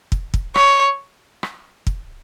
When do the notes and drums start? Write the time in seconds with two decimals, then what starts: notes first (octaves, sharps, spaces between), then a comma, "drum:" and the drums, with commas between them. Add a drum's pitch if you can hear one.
0.12 drum: kick
0.34 drum: kick
0.56 C#5, drum: rim click
1.43 drum: rim click
1.87 drum: kick